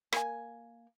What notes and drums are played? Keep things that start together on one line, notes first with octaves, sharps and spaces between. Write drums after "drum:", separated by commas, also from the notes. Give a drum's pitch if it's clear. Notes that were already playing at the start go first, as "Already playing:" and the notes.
A#3 G#5, drum: rim click